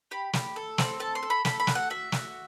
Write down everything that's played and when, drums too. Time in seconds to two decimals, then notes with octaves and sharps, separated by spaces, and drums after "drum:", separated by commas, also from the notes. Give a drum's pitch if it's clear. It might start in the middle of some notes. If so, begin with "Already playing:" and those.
0.11 G4 B5
0.33 G4, drum: snare
0.56 A4
0.78 C4, drum: snare
1.00 A4 A5
1.15 C6
1.23 A4
1.30 B5
1.45 A4 B5, drum: snare
1.60 B5
1.67 F#4, drum: snare
1.75 F#5
1.90 F#4 E5
2.12 F#4, drum: snare